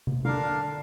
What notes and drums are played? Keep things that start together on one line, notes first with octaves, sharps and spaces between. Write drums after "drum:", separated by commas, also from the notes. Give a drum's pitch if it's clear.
drum: tom C3
D3 D4 A#4 F5